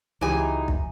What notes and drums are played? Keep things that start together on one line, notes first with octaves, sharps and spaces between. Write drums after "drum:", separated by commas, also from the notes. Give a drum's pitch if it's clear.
C#2 E3 G#3 D#4 E4 F#4 G4 G#5
drum: kick